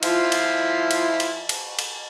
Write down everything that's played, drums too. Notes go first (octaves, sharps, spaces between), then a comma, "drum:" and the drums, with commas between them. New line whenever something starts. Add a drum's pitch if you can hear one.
F3 E4 F4, drum: cymbal
drum: cymbal
drum: cymbal
drum: cymbal
drum: cymbal
drum: cymbal